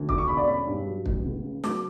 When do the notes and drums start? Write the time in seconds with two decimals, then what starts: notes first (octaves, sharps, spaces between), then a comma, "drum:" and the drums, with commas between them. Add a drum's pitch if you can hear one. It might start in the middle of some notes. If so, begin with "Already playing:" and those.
Already playing: D2
0.09 D3 D6, drum: kick
0.18 C#6
0.28 E1 B5
0.37 D5
0.47 C#4 B5
0.67 G2
0.86 F#3
1.06 A1, drum: kick
1.25 C#2
1.44 C#3
1.64 F#3 D6, drum: snare